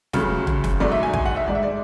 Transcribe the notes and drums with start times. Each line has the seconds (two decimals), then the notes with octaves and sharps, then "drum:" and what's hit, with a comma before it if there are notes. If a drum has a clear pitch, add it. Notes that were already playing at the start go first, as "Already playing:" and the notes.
0.13 C#2 C#3 F#3 A3, drum: snare
0.47 drum: tom
0.64 drum: snare
0.80 G#2 F#3 A3 D5
0.92 E5
1.03 G#5
1.14 G#5, drum: kick
1.25 F#5
1.36 E5
1.48 G#2 G#3 D5
1.55 E5
1.63 D5